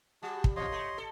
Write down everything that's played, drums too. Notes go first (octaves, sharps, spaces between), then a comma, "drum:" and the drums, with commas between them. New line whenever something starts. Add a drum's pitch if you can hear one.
G3 F#4 G#4 A5
drum: kick
E2 F3 C#5 D#5 C6
A3
A4